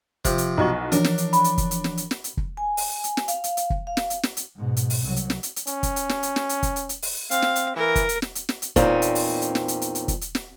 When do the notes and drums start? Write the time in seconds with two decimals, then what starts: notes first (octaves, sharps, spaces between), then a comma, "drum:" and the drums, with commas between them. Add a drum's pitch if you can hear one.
0.25 C3 F3 C5, drum: kick, hi-hat
0.38 drum: hi-hat
0.57 B1 E4 F#4 D#5 C#6
0.92 E3 F3 D4 A#4 C#5, drum: hi-hat
1.04 drum: snare
1.18 drum: hi-hat
1.33 B5, drum: hi-hat
1.44 drum: hi-hat
1.58 drum: kick, hi-hat
1.71 drum: hi-hat
1.84 drum: snare
1.97 drum: hi-hat
2.11 drum: snare
2.24 drum: hi-hat
2.37 drum: kick
2.57 G#5
2.77 drum: open hi-hat
3.04 drum: hi-hat
3.17 drum: snare
3.28 F5, drum: hi-hat
3.44 drum: hi-hat
3.57 drum: hi-hat
3.70 drum: kick
3.87 F5
3.97 drum: snare
4.10 drum: hi-hat
4.23 drum: snare
4.37 drum: hi-hat
4.57 G#2 B2
4.77 drum: hi-hat
4.90 drum: open hi-hat
5.04 C2 F#3
5.16 drum: hi-hat
5.30 drum: snare
5.43 drum: hi-hat
5.56 drum: hi-hat
5.67 C#4, drum: hi-hat
5.83 drum: kick, hi-hat
5.96 drum: hi-hat
6.09 drum: snare
6.23 drum: hi-hat
6.36 drum: snare
6.49 drum: hi-hat
6.63 drum: kick, hi-hat
6.76 drum: hi-hat
6.89 drum: hi-hat
7.02 drum: open hi-hat
7.31 C4 F5, drum: hi-hat
7.42 drum: snare
7.56 drum: hi-hat
7.76 E3 A#4
7.95 drum: kick, hi-hat
8.09 drum: hi-hat
8.22 drum: snare
8.35 drum: hi-hat
8.49 drum: snare
8.62 drum: hi-hat
8.76 E2 A#2 C4 C#4 D#4, drum: kick, hi-hat
9.02 drum: hi-hat
9.15 drum: open hi-hat
9.42 drum: hi-hat
9.55 drum: snare
9.68 drum: hi-hat
9.82 drum: hi-hat
9.95 drum: hi-hat
10.08 drum: kick, hi-hat
10.21 drum: hi-hat
10.35 drum: snare